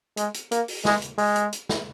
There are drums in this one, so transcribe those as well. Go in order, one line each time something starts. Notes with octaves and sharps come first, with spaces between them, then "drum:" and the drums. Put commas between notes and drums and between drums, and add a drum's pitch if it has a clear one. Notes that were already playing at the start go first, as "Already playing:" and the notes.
G#3, drum: hi-hat
drum: hi-hat
A#3, drum: hi-hat
drum: open hi-hat
G#3, drum: snare
drum: hi-hat
G#3, drum: open hi-hat
drum: hi-hat
drum: hi-hat
drum: snare